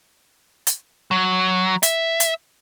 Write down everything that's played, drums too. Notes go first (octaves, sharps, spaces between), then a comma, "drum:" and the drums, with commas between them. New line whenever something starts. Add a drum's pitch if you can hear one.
drum: hi-hat
F#3
E5, drum: hi-hat
drum: hi-hat